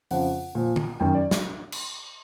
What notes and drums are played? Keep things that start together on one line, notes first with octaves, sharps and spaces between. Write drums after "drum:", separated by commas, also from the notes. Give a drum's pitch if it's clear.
F2 C#3 F3 F#5, drum: open hi-hat
A#2 F3
drum: tom D3
F#2 D#3 G5
D5
drum: snare
drum: cymbal